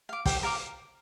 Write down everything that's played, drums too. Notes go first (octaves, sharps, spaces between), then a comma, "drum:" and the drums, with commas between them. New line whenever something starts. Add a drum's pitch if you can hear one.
F5 D6
G4, drum: kick, open hi-hat
A#4 F5 D6